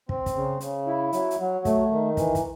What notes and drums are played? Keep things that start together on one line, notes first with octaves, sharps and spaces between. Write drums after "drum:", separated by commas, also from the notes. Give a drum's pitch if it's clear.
C4, drum: kick
drum: kick, hi-hat
C#3
C#3, drum: hi-hat
E4
F#3, drum: hi-hat
drum: hi-hat
F#3
A3, drum: kick, hi-hat
D#3
E3, drum: kick, hi-hat
drum: kick, hi-hat